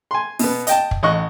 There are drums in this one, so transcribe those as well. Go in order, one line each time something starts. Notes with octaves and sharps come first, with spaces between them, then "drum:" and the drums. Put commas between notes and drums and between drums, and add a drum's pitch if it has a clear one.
G#5 C6
B2 B3, drum: open hi-hat
D#5 G5 A5, drum: hi-hat
drum: kick
A1 D#5 C#6 F#6